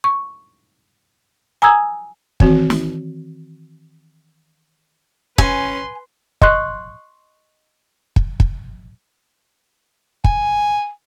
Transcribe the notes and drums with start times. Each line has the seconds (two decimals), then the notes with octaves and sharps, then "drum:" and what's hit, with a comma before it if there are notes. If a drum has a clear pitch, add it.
0.04 C#6
1.62 G#5 A#5 D#6 E6 G#6
2.40 D#3 E3 C4 F#4, drum: kick
2.70 drum: snare
5.38 C#4 B4 G#5 C6, drum: kick
6.42 D#5 C6 C#6 F#6, drum: kick
8.16 drum: kick
8.40 drum: kick
10.24 G#5, drum: kick